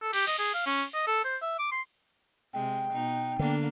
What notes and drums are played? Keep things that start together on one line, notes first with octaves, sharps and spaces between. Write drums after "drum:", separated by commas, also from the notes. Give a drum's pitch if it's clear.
A4
G4, drum: cymbal
D#5, drum: cymbal
G#4
F5
C#4
D#5
A4
C5
E5
D6
C6
C3 G#3 G5
B2 D#4
D3 A#3 B3 D4